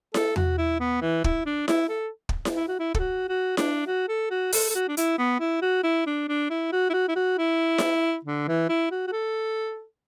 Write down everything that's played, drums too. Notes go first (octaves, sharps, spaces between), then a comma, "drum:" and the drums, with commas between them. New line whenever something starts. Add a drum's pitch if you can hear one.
A4, drum: snare E4
F#4, drum: tom E2
E4
B3
E3
E4, drum: kick
D4
E4, drum: snare E4
A4
drum: kick
drum: snare E4
E4
F#4
E4
A4, drum: kick
F#4
F#4
D4, drum: snare E4
F#4
A4
F#4
A4, drum: open hi-hat
A4
F#4
D4
E4, drum: hi-hat
B3
E4
F#4
E4
D4
D4
E4
F#4
E4
F#4
E4
F#4
E4
drum: snare E4
D3
E3
E4
F#4
F#4
A4